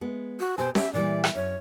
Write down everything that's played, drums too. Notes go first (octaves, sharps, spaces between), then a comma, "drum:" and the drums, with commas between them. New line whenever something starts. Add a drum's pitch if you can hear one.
G#3 B3
F#4
B2 G4 C5 G#5
G4 E5, drum: snare C#4
A#2 E3 G3 D5
drum: rim click
F#2 C#5